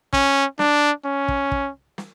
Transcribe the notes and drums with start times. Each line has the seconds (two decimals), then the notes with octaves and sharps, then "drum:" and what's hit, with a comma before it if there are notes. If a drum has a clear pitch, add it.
0.13 C#4, drum: kick
0.59 D4, drum: snare
1.05 C#4
1.28 drum: kick
1.52 drum: kick
1.98 drum: snare